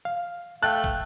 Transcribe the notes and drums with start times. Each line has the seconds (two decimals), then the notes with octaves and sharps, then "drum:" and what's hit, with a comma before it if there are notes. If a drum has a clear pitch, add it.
0.05 F5
0.63 A3 F5 G5 A5 F#6
0.84 drum: kick